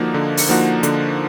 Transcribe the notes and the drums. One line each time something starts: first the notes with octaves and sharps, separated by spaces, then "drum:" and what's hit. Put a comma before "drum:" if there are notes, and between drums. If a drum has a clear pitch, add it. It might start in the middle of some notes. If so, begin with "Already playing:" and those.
Already playing: D3 F3 A#3 D#4 F#4
D3
drum: open hi-hat
F3 A#3 D#4 F#4
D3, drum: hi-hat